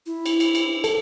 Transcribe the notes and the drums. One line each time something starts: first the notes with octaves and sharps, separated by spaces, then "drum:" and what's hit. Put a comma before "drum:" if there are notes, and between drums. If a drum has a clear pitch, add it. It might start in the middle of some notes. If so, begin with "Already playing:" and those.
E4
drum: cymbal
drum: cymbal
drum: cymbal
A4, drum: cymbal